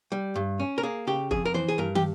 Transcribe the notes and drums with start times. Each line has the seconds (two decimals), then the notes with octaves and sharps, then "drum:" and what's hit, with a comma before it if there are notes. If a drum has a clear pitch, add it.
0.12 G3
0.36 G2
0.60 C#4
0.78 A#4
0.83 A#3 G#4
1.07 C#3 G4
1.31 F2 G#4, drum: kick F1
1.45 A#4
1.54 E3 C5
1.68 G#4
1.78 G2 A#4
1.95 G4, drum: tom